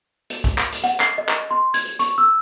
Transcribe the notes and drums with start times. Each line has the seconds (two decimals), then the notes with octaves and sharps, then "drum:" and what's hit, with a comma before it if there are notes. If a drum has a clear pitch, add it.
0.30 drum: hi-hat
0.44 drum: kick, hi-hat
0.58 drum: clap
0.72 drum: hi-hat
0.84 F#5, drum: hi-hat
1.00 C7, drum: clap
1.18 D#5
1.29 drum: clap
1.51 C6
1.74 G#6, drum: hi-hat
1.85 drum: hi-hat
1.99 C#6, drum: hi-hat
2.18 E6